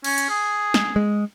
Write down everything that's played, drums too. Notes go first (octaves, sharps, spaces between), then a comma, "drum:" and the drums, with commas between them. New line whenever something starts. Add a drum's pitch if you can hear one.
C#4, drum: cymbal
drum: hi-hat
G#4
drum: snare
G#3